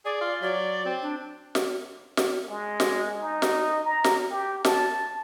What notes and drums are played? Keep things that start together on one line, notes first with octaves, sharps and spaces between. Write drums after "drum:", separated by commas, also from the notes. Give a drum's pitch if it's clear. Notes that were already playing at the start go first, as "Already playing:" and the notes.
G#4 D5
F4
F#3 D5
C4
D4
drum: snare
drum: snare
G#3
drum: snare
D#4
drum: snare
A#5
drum: snare
G4
A5, drum: snare